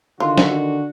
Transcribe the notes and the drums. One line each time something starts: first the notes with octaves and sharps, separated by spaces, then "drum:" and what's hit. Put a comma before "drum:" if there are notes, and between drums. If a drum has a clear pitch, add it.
D3 D#3 D4 F4 F#4
drum: snare